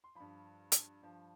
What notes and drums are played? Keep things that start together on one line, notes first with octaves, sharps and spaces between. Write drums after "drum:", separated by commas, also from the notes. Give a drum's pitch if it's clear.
C6
G2 F3 B5
drum: hi-hat
G2 F3